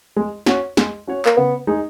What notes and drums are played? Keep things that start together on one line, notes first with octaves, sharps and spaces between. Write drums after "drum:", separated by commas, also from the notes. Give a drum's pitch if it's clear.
G#3
C#4 F#4 C#5, drum: snare
G#3, drum: snare
C#4 F#4 C#5
A#3, drum: clap
C#3 B3
G#3 D#4 G#4